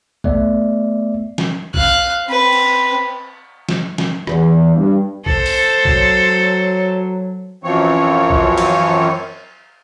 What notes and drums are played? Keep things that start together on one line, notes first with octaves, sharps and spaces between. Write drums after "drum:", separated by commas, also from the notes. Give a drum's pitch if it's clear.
A3 B3 D5 E5, drum: kick
drum: snare
F5 F#6, drum: kick
C4 B4
drum: cymbal
drum: snare
drum: snare
E2, drum: rim click
G2
A4 C5, drum: kick
drum: open hi-hat
F#3, drum: kick
F#2 E3 F3 C4 C#5
drum: kick
drum: cymbal